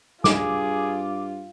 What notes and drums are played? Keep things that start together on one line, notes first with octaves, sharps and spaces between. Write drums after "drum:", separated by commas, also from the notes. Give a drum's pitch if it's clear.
G2 F4 G#4 D6, drum: snare